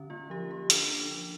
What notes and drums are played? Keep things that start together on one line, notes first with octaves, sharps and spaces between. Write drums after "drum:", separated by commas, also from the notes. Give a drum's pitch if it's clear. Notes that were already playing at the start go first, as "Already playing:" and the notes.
Already playing: D3 C#4
A#3 F4
F3 G4
A#3 G4
D4 A4, drum: hi-hat
D4
F3